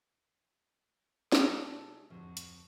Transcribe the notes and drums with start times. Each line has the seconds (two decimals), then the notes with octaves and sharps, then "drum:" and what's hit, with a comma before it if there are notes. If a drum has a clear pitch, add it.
1.32 C3 G#3 D#4 A4, drum: snare
2.10 D1 F2 F3 F#4 C5
2.37 drum: hi-hat